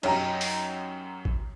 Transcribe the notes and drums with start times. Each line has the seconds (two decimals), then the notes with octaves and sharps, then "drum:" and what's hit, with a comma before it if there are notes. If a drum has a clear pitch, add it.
0.03 F#2 D#4 G4 C#5 A#5, drum: cymbal
0.41 drum: open hi-hat
1.25 drum: kick A1